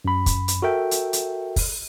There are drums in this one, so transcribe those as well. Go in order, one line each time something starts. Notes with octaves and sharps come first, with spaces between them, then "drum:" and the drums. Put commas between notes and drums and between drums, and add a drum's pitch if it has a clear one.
F#2 B5
drum: kick, hi-hat
drum: hi-hat
F#4 A4 A#4 E5 G5
drum: hi-hat
drum: hi-hat
drum: kick, open hi-hat